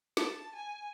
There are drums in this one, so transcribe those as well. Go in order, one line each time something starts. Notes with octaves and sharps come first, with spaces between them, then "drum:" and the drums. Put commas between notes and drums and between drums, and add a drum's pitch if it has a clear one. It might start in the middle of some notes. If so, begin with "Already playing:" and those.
A5, drum: snare
G#5